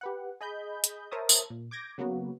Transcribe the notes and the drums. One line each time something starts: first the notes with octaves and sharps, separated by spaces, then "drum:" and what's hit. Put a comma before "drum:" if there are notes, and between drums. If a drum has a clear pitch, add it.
G4 B4 F#5
G#4 D#5 B5 G6
drum: hi-hat
A#4 C5 C#5 E5 A5 D#6
drum: tambourine
A#2
D6 G6 G#6 A#6 D7
C#3 F#3 A#3 B3 F#4